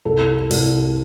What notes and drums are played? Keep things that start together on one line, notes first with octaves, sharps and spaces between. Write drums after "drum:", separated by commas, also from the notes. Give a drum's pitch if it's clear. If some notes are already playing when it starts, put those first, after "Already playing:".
C2 A4
C2, drum: open hi-hat